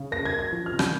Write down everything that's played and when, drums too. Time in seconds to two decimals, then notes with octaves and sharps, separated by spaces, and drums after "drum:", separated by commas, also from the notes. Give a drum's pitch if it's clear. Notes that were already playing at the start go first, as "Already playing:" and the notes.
Already playing: C#3
0.11 A#3 A#6
0.25 G#6
0.33 A#3
0.39 G#6
0.52 F3
0.66 F6
0.72 C3
0.79 G6, drum: rim click